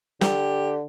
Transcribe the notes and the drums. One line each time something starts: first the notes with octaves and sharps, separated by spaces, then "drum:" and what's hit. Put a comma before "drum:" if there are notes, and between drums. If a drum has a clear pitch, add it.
D3 G4, drum: snare